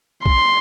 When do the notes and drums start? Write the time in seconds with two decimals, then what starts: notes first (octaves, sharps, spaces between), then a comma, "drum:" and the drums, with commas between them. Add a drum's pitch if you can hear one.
0.26 C6, drum: kick